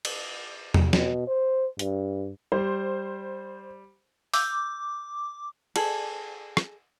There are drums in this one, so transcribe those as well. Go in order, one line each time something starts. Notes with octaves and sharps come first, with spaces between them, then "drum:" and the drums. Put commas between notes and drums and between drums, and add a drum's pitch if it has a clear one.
drum: cymbal
drum: tom E2
B2, drum: snare
C5
G2, drum: hi-hat
G3 C5
D6 E6 G6, drum: open hi-hat
G#4 A4, drum: cymbal
drum: rim click